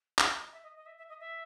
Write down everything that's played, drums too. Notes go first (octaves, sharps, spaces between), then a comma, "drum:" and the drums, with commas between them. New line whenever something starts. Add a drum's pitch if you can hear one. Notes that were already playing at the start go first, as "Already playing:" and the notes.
G5, drum: clap
E5
D#5
E5
D#5
D#5
E5
E5
D#5
E5